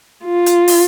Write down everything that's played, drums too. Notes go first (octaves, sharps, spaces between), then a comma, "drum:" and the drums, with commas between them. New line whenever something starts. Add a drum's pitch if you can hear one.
F4
drum: hi-hat
drum: open hi-hat